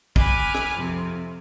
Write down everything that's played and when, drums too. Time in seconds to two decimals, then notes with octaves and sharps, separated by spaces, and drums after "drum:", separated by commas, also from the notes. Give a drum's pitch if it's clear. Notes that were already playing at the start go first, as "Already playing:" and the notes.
0.16 G#5 B5 D6 F6 F#6, drum: kick
0.55 drum: rim click
0.74 F2 C3